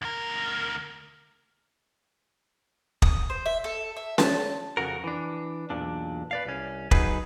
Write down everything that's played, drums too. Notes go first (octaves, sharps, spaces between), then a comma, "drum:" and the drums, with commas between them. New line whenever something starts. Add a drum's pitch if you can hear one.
D2 A#4
D#6, drum: kick
C5
E5
A4
E5
A5, drum: snare C#4
F2 C#3 F#4 A#4
E3 D4
B1 E2 A#2 D4
B4 D5 F5
C2 C#4
F#3 D#4 G#4 B4, drum: kick